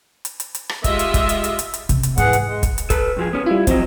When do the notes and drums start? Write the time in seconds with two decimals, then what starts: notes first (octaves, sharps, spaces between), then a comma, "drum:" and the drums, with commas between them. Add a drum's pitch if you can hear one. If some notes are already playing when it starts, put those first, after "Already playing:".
0.25 drum: hi-hat
0.40 drum: hi-hat
0.55 drum: hi-hat
0.69 drum: rim click
0.84 G#3 F4 G4 D#5 E5, drum: kick, hi-hat
0.99 drum: hi-hat
1.14 drum: kick, hi-hat
1.29 drum: hi-hat
1.44 drum: hi-hat
1.59 drum: hi-hat
1.74 drum: hi-hat
1.89 C3, drum: kick, hi-hat
2.03 drum: hi-hat
2.18 G#2 E3 G#4 F#5, drum: hi-hat
2.33 drum: hi-hat
2.43 G#3
2.63 drum: kick, hi-hat
2.78 drum: hi-hat
2.90 A4 B4, drum: kick, hi-hat
3.16 G2 F3 G#4
3.33 B3 C#4
3.46 G3 E4 F4
3.67 F2 F#3 C4 D#5, drum: kick, hi-hat